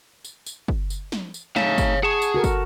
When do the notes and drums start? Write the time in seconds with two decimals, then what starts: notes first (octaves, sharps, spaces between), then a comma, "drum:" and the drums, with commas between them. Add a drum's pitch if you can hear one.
0.25 drum: tambourine
0.46 drum: tambourine
0.68 drum: kick
0.90 drum: tambourine
1.12 drum: snare
1.34 drum: tambourine
1.56 A3 D#4 C#5 E5 F5, drum: snare
1.78 drum: kick, tambourine
2.03 G#4 F#5 A5 C#6
2.22 drum: tambourine
2.35 F#4 A4 A#4
2.44 drum: kick, tambourine